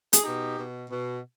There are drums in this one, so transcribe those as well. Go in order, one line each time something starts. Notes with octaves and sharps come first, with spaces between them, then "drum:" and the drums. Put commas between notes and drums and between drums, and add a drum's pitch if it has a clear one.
G#4, drum: hi-hat
B2 D#4 G4
B2
B2